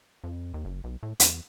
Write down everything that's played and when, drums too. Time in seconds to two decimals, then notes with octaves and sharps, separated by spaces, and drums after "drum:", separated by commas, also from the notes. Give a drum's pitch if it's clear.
0.24 F2
0.54 D#2
0.65 F#1
0.84 B1
1.03 A2
1.20 E2, drum: hi-hat